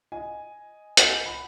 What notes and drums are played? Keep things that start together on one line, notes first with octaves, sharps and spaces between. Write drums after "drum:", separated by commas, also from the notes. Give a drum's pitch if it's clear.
D#5 G#5
D#5 G#5, drum: hi-hat
F#5 B5